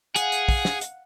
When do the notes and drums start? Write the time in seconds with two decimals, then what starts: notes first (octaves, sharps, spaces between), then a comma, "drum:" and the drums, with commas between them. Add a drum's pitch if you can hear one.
0.16 G#4 F5 F#5, drum: hi-hat
0.32 drum: hi-hat
0.49 drum: kick, open hi-hat
0.65 drum: snare
0.81 drum: hi-hat